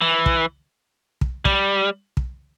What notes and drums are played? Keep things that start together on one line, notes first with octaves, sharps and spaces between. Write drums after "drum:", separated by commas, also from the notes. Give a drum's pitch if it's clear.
E3
drum: kick
drum: kick
G3, drum: kick
drum: kick